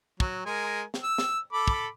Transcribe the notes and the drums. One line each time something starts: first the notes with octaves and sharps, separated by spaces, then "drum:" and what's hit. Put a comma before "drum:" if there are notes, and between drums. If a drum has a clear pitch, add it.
F#3, drum: kick
G#3 A#4 G#5
drum: snare
E6
drum: snare
A4 B5 D6
drum: kick